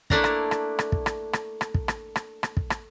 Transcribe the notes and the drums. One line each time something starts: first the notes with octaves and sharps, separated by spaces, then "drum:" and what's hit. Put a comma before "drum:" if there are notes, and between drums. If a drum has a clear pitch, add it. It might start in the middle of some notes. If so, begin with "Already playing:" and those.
A3 A#3 D4 E4 A#5, drum: kick
drum: rim click
drum: rim click
drum: rim click
drum: kick
drum: rim click
drum: rim click
drum: rim click
drum: kick
drum: rim click
drum: rim click
drum: rim click
drum: kick
drum: rim click